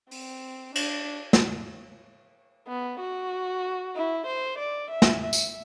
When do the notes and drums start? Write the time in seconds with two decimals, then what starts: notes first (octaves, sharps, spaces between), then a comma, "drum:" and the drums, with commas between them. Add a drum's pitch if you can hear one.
0.11 C4, drum: open hi-hat
0.75 D4, drum: cymbal
1.33 drum: snare
2.68 B3
3.00 F#4
3.95 E4
4.27 C5
4.59 D5
4.91 E5
5.02 drum: snare
5.23 E5
5.33 drum: tambourine